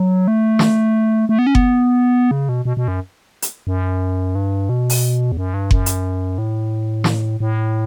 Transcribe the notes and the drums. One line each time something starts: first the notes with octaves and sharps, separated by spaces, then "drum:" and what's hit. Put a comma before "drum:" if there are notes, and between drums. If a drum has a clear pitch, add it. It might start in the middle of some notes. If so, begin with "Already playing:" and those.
Already playing: F#3
A3
drum: snare
A3
B3
C#4
B3, drum: kick F#1
C#3
B2
B2
B2
F#2
drum: hi-hat
F#2
G2
B2
drum: open hi-hat
E2
F#2
G2
F#2, drum: kick F#1
drum: hi-hat
A2
drum: snare
A2